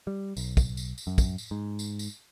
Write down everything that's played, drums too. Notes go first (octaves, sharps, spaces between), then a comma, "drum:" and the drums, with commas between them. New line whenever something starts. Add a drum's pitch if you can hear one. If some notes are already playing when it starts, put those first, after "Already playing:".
G3
B1, drum: tambourine
drum: kick, tambourine
drum: tambourine
drum: tambourine
F#2
drum: kick, tambourine
drum: tambourine
G#2
drum: tambourine
drum: tambourine